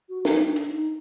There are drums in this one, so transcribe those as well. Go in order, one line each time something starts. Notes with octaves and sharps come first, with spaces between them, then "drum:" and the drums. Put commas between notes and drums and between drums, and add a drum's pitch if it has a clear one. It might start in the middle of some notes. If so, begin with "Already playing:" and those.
F#4
D#4, drum: snare
D4
drum: hi-hat
D#4